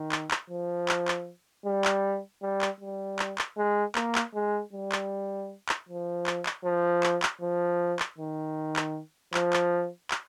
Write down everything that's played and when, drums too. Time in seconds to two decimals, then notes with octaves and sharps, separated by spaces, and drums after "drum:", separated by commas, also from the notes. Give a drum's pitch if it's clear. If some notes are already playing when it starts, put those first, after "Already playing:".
Already playing: D#3
0.12 drum: clap
0.31 drum: clap
0.50 F3
0.89 drum: clap
1.08 drum: clap
1.66 G3
1.85 drum: clap
2.42 G3
2.61 drum: clap
2.80 G3
3.19 drum: clap
3.38 drum: clap
3.57 G#3
3.95 A#3, drum: clap
4.15 drum: clap
4.34 G#3
4.73 G3
4.92 drum: clap
5.69 drum: clap
5.89 F3
6.26 drum: clap
6.46 drum: clap
6.65 F3
7.03 drum: clap
7.23 drum: clap
7.42 F3
7.99 drum: clap
8.18 D#3
8.76 drum: clap
9.34 F3, drum: clap
9.53 drum: clap
10.11 drum: clap